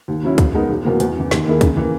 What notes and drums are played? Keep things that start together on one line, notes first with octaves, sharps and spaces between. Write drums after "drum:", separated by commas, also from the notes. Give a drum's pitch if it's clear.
D#2
C#3 F#3 C#4 E4
C#3, drum: kick, hi-hat
G#3 B3 D#4 A#4
E1
E2 B2 F#3 A#3
E2, drum: hi-hat
C#3
E3
D#2, drum: snare
D#3 A#3 E4 G#4
C#3, drum: kick, hi-hat
E3 A#3